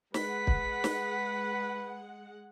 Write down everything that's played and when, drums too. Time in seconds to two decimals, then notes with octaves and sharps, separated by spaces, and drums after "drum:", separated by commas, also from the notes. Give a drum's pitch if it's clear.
0.14 G#3 B4 F#5 B6, drum: snare
0.47 drum: kick
0.84 drum: snare